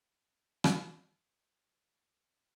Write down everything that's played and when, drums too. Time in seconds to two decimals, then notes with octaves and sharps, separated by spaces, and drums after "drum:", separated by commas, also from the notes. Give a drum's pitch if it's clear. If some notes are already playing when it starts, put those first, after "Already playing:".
0.22 A#2 E3 C4 D4 A4
0.64 drum: rim click